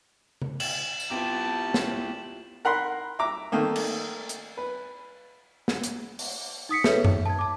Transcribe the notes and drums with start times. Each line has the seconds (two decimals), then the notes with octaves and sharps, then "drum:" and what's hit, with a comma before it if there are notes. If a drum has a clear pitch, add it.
0.42 drum: tom C#3
0.60 E7 F#7, drum: cymbal
1.00 drum: tambourine
1.11 B3 C4 E4 F4 G4 A5
1.74 drum: snare
2.65 A#4 F#5 B5 C6
3.19 E5 A#5 D6
3.52 D#3 A3 A#3
3.76 drum: cymbal
4.29 drum: hi-hat
4.57 B4
5.68 drum: snare
5.84 drum: hi-hat
6.19 drum: open hi-hat
6.69 D#4 D#6 B6 C#7
6.84 G#4 A4 B4 C#5 E5, drum: snare
7.05 D#4, drum: tom F#2
7.26 A5 G#6
7.39 A5 D6